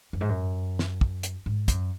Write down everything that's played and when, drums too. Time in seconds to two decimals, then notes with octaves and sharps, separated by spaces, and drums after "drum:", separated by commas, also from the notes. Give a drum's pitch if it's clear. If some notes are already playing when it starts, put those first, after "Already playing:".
0.13 F#2
0.21 G#2
0.29 F#2
0.79 drum: snare
1.01 drum: kick
1.23 drum: hi-hat
1.46 G#2
1.68 F#2, drum: kick, hi-hat